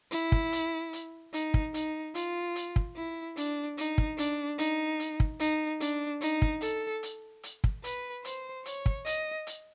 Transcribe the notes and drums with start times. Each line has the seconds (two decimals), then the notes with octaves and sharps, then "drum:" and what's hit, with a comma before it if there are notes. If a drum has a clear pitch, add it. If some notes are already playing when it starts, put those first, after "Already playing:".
0.11 E4, drum: hi-hat
0.32 drum: kick
0.52 drum: hi-hat
0.93 drum: hi-hat
1.33 D#4, drum: hi-hat
1.54 drum: kick
1.74 D#4, drum: hi-hat
2.15 F4, drum: hi-hat
2.56 drum: hi-hat
2.76 drum: kick
2.96 E4
3.37 D4, drum: hi-hat
3.78 D#4, drum: hi-hat
3.98 drum: kick
4.18 D4, drum: hi-hat
4.59 D#4, drum: hi-hat
4.99 drum: hi-hat
5.20 drum: kick
5.40 D#4, drum: hi-hat
5.81 D4, drum: hi-hat
6.21 D#4, drum: hi-hat
6.42 drum: kick
6.62 A4, drum: hi-hat
7.03 drum: hi-hat
7.43 drum: hi-hat
7.64 drum: kick
7.84 B4, drum: hi-hat
8.25 C5, drum: hi-hat
8.65 C#5, drum: hi-hat
8.86 drum: kick
9.06 D#5, drum: hi-hat
9.47 drum: hi-hat